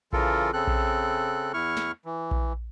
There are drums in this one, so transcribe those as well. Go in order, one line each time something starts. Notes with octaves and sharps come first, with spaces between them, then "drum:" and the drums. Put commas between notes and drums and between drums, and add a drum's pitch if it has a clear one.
C#3 E3 F4 A4 A#4, drum: kick A#1
C#3 C4 A4 F#6
drum: kick A#1
E2 E4 C#6 F6
drum: snare
E3
drum: kick A#1